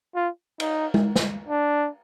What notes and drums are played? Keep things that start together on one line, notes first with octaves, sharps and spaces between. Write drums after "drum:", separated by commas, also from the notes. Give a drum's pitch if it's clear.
F4
D#4, drum: cymbal
drum: tom G#3
drum: snare
D4